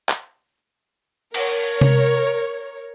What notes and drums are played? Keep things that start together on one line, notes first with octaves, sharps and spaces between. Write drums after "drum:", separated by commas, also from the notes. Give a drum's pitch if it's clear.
drum: clap
A#4 C#5, drum: cymbal
drum: tom C3